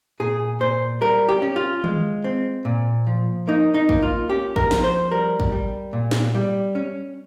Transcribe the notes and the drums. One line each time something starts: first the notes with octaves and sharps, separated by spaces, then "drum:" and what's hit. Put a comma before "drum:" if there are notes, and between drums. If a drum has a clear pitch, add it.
A#2 G#4
A#2 C5
G3 A#4
G4
C#4
F4
G#3, drum: tom D#3
C4
A#2
F3
A#3 D#4
D#4
A#3, drum: kick
F4
C#4 G4
A#4, drum: kick
F3, drum: snare
C5
G3 A#4
drum: kick
G3
A#2
drum: snare
G3
C#4